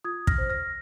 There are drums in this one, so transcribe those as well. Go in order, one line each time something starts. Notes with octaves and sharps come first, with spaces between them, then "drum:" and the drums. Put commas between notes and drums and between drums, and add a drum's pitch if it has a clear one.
F4 D#6 G#6
F6 A#6, drum: kick
C5
F6 A#6